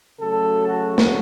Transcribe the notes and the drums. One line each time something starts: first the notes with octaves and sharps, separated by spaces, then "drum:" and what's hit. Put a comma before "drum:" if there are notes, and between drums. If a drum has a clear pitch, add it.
C#3 F#3 A3 A4
F#4
drum: snare